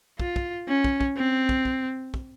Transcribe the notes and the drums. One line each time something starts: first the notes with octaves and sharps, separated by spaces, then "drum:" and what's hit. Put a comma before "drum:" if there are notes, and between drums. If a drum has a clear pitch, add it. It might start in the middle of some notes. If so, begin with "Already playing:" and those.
F4, drum: kick
drum: kick
C#4
drum: kick
drum: kick
C4
drum: kick
drum: kick
drum: kick